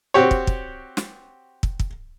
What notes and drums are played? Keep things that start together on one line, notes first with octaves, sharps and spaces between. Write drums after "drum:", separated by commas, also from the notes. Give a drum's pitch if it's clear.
C4 F#4 G4 C#5
drum: kick
drum: kick
drum: snare
drum: kick
drum: kick